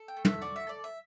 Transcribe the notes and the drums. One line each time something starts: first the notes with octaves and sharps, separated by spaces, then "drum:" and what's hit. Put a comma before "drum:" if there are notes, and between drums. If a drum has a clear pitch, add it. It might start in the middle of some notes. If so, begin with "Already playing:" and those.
Already playing: A4
G5
A3
E5, drum: tom
F#4 D5
E5
A4 D5
E5